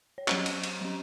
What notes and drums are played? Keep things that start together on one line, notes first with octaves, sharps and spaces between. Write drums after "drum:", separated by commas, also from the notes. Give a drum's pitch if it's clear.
C#5
F#3 C#4 C5 D#5, drum: clap
drum: cymbal
drum: cymbal
F#3 C#4